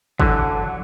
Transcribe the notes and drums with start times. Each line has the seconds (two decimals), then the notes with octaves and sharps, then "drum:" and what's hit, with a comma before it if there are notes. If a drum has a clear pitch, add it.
0.20 D3 E3 F#3, drum: kick